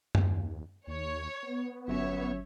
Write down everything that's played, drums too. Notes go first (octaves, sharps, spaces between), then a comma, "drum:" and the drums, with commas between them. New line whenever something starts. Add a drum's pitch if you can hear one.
D#2, drum: tom F#2
D#2 C#5
B3
G1 F#3 C#4 C#5 E5